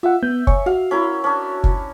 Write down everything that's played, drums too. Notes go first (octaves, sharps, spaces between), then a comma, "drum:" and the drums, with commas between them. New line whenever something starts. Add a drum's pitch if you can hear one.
F4 E5 F#5
B3 G6
C#5 G#5 C#6, drum: kick
F#4 F5
C#4 E4 A#4
C#4 D4
drum: kick